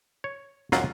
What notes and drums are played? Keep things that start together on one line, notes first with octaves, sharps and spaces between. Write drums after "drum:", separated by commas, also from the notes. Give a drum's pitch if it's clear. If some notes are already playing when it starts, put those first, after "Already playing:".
C#5
D#2 A#2 F#3 A#3 F4, drum: snare